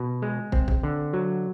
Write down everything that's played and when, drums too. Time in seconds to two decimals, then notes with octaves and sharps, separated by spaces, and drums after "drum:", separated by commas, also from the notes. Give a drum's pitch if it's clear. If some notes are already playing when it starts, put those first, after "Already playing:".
Already playing: B2
0.22 G#3
0.52 C4, drum: kick
0.68 drum: kick
0.83 D3
1.13 F#3